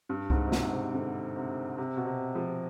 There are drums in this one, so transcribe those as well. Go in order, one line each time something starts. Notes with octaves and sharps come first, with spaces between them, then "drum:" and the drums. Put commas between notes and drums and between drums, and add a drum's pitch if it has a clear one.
G2
G#2, drum: kick C2
C3
B2, drum: snare
C3
D3
C3
C3
B2
C3
F3